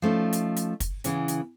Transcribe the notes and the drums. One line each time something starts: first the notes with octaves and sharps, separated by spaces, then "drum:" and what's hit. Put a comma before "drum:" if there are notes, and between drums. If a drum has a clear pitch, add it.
F3 A3 C#4 D#4
drum: hi-hat
drum: hi-hat
drum: kick, hi-hat
C#3 E3 B3 C#4, drum: hi-hat
drum: hi-hat